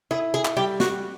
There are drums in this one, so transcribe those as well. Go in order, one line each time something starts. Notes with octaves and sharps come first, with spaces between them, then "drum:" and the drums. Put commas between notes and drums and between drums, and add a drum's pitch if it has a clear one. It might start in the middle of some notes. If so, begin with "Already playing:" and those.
E4 G#4
G#4
drum: clap
G3 G4
F#4, drum: snare